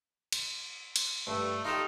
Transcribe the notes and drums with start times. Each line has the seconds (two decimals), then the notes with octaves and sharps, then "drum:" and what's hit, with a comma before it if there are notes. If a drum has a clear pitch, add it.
0.32 drum: cymbal
0.96 drum: cymbal
1.27 G2 A3
1.65 D#4 F4 G4 A4